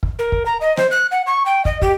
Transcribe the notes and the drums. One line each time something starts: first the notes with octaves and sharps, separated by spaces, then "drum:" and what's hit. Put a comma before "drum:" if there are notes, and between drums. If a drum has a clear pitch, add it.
drum: kick
A#4
drum: kick
A#5
D#5
C5, drum: rim click
F#6
F#5
C#6
G5
D#5, drum: kick
G4, drum: kick